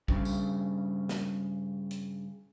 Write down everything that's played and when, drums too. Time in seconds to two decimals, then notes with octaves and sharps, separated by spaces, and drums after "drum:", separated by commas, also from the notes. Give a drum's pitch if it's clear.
0.08 G2 C#3, drum: kick
0.25 drum: tambourine
1.09 drum: snare
1.91 drum: hi-hat